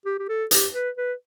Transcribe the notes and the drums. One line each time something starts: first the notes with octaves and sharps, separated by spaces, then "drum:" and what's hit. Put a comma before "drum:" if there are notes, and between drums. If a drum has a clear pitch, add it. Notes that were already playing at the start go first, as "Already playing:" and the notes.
G4
G4
A4
G4, drum: hi-hat
B4
B4